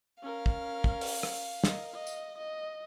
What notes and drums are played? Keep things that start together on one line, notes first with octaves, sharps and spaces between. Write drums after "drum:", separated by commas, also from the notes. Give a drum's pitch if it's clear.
C#4 A#4 F5
drum: kick
drum: kick
drum: open hi-hat
drum: rim click
A#4 D#5, drum: snare
D#5
drum: tambourine
D#5